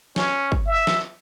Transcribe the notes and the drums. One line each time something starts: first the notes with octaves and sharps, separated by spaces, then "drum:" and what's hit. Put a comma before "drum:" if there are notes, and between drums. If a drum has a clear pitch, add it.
C#4, drum: snare
drum: kick
E5
drum: snare